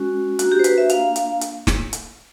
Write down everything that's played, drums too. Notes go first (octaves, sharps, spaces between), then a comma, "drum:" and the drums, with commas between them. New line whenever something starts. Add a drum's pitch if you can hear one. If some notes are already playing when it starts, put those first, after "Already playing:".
Already playing: G#3 C#4 F#4
A#3 D4 F#4, drum: hi-hat
G4
C5
B4, drum: hi-hat
E5
A#3 D4 F4 F5, drum: hi-hat
drum: hi-hat
drum: hi-hat
drum: snare
drum: hi-hat